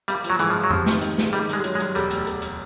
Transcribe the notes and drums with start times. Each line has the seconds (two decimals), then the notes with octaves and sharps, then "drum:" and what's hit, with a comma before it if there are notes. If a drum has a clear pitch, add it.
0.08 G3 A#3, drum: hi-hat
0.24 F3, drum: hi-hat
0.30 F#3
0.39 G#2 E3, drum: hi-hat
0.50 F3
0.55 A#3
0.64 F#3
0.70 C3 F3, drum: tom F2
0.86 D#3, drum: snare
1.01 D#3, drum: hi-hat
1.18 G#3, drum: snare
1.33 D#3 G3, drum: hi-hat
1.49 G2 G#3, drum: hi-hat
1.64 F#3, drum: hi-hat
1.75 G#3
1.80 G2, drum: hi-hat
1.95 E1 G3, drum: hi-hat
2.11 D2, drum: hi-hat
2.27 E1, drum: hi-hat
2.42 drum: hi-hat